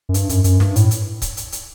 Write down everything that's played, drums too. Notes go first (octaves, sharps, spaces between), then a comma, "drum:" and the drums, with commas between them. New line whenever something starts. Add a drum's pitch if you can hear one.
F#2
G2, drum: hi-hat
F#2, drum: hi-hat
F#2, drum: hi-hat
G2, drum: snare
A2, drum: hi-hat
drum: hi-hat
drum: kick C#1, hi-hat
drum: hi-hat
drum: hi-hat